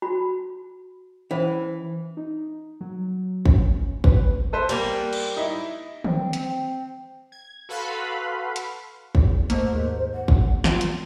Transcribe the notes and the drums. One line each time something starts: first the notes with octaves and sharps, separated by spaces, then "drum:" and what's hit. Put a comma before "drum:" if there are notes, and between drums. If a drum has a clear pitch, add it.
F#4 B5
E3 C#4 C5
D#4
F#3
C#4, drum: kick
B4, drum: kick
A4 B4 C5
G3 A#3, drum: cymbal
drum: cymbal
D#4 E4
C4, drum: tom
C4, drum: hi-hat
G#6
F#4 A4 B4 F5 B5 C6
drum: hi-hat
E2, drum: kick
G#2 A3 A#3 C5, drum: hi-hat
D#2 G#2
F#5
drum: kick
G3 F4, drum: snare
drum: hi-hat